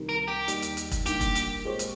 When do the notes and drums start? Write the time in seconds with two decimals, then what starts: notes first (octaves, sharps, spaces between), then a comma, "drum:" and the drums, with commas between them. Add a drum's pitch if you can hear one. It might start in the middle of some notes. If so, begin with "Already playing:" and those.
Already playing: C2 C3 D#3
0.09 A#4
0.28 G4
0.48 D#2 D#3 G3, drum: hi-hat
0.62 drum: hi-hat
0.77 drum: hi-hat
0.92 drum: kick E1, hi-hat
1.06 G2 D#3 A#3 G4, drum: hi-hat
1.21 drum: kick E1, hi-hat
1.35 drum: hi-hat
1.65 A#2 G#3 C4 G4 C#5
1.79 drum: hi-hat